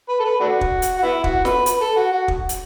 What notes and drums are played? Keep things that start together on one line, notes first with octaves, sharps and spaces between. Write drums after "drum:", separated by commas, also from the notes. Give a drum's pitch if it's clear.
B4
A4
B4
A3 D4 F#4
drum: kick
drum: hi-hat
F#4
B3 E4
F#4, drum: kick
B4, drum: snare
B4, drum: hi-hat
A4
F#4
F#4
drum: kick
drum: hi-hat